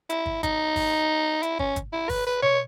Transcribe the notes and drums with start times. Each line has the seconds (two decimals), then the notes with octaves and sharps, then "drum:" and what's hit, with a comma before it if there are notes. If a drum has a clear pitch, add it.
0.10 E4, drum: hi-hat
0.26 drum: kick
0.43 D#4, drum: kick, hi-hat
0.76 drum: kick, open hi-hat
1.43 E4, drum: hi-hat
1.59 C#4, drum: kick
1.76 drum: kick, hi-hat
1.93 E4
2.09 B4, drum: kick, open hi-hat
2.27 B4
2.42 C#5, drum: tom B2